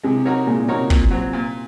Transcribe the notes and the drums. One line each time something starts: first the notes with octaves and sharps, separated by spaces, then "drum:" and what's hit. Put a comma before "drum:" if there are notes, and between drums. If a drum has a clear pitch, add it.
C3 G#3
D#4 F#4 A#4 C#5
A#2 G#3
A#2 D#4 F#4 A#4 C#5
C3
A#2, drum: kick
F#3 C4
A#2